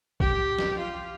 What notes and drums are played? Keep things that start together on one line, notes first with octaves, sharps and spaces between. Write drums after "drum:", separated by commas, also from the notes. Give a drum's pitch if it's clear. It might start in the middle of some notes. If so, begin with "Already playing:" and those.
G4, drum: kick
drum: snare
F4